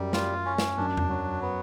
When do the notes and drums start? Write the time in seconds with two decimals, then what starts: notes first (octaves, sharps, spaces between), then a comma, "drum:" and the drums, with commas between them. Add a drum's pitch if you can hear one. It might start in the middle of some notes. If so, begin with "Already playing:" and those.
Already playing: F#2 G3
0.13 F4, drum: snare
0.46 C#4
0.58 drum: snare
0.77 F#2 D4
0.97 drum: tom E2
1.09 F#3
1.42 B3